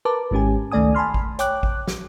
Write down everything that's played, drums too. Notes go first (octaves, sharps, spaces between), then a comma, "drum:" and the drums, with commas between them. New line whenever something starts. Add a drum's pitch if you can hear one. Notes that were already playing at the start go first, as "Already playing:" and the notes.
A#4 B4 A5 D6
G#1 G#3 C#4 G4 G#5
C#2 D#3 A3 D5 G#5 D#6
G#5 A5 B5 C6 F6
drum: kick A1
C#5 G5 D6 F#6, drum: hi-hat
drum: kick A1
drum: snare